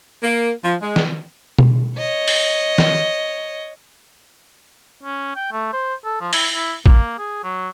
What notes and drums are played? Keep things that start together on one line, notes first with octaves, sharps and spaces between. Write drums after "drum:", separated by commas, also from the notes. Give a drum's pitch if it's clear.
A#3
F3
G#3
drum: snare
drum: tom B2
C#5 D#5
drum: open hi-hat
drum: snare
C#4
G5
A3
C5
A4
F3
E4, drum: open hi-hat
E4
A#3, drum: kick A1
G#4
F#3